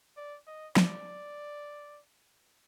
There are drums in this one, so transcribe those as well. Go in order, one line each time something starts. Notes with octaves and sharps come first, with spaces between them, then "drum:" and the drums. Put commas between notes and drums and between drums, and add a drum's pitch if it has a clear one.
D5
D#5
D5, drum: snare